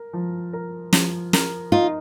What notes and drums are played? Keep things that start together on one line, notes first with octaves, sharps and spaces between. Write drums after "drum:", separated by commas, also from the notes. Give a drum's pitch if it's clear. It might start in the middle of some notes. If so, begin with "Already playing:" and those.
Already playing: A#4
F3
A#4
F3, drum: snare
A#4, drum: snare
D#4 F4